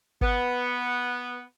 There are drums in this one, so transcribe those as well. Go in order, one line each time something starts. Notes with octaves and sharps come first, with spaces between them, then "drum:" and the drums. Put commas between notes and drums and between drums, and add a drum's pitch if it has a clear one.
B3, drum: kick G#1